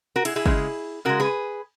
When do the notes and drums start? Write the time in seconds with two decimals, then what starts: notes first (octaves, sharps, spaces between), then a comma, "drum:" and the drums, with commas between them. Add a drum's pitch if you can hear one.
0.16 F#4 A#4
0.25 E4 G#4, drum: cymbal
0.36 E4 G#4
0.46 C#3 G#3, drum: kick
1.05 C#3 G#3 F#4 A#4
1.20 G#4 B4